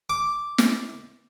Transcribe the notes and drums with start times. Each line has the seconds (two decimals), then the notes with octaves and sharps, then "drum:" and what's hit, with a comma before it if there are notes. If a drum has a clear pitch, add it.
0.10 D6
0.58 drum: snare